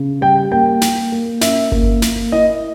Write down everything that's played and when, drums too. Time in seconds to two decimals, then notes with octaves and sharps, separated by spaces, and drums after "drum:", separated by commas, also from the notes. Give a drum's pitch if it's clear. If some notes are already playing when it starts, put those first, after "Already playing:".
Already playing: C#3
0.21 G3 G5
0.51 A#3 G5
0.81 A#3, drum: snare
1.12 A#3
1.41 C#4 E5, drum: snare
1.72 A#3, drum: kick G1
2.02 A#3, drum: snare
2.32 E4 D#5